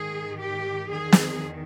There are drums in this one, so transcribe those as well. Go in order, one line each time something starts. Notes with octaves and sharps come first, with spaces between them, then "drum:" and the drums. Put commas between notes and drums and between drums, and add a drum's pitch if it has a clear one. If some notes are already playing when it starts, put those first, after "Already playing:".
Already playing: G#2 D#3 G#4
G4
E2 D#3 G#4
drum: snare